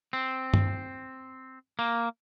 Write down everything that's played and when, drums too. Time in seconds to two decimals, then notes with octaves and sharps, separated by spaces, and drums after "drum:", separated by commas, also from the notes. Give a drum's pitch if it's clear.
0.13 C4
0.54 drum: tom G2
1.79 A#3